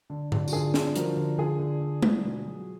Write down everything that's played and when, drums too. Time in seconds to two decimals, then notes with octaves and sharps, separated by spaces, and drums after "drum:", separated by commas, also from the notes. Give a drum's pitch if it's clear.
0.10 D3
0.32 D3, drum: tom G#2
0.48 F#4, drum: tambourine
0.52 D3 F4 G#4
0.74 D3, drum: snare
0.96 F3 F#4 A#4, drum: hi-hat
1.17 D3
1.38 D3 F4 G#4
1.59 D3
1.81 D3
2.03 D3, drum: tom G#3
2.24 B2
2.46 F#3